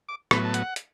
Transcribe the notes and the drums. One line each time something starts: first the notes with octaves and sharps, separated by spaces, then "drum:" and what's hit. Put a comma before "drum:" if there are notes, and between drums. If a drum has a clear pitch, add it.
D6
A2 F#3 B3 B5, drum: rim click
A5
F#5, drum: hi-hat
drum: hi-hat